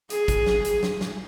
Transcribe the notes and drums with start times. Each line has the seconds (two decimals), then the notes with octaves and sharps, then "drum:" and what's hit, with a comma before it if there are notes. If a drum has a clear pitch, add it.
0.10 G#4, drum: hi-hat
0.28 drum: kick, hi-hat
0.46 drum: snare
0.65 drum: hi-hat
0.83 drum: snare
1.01 drum: snare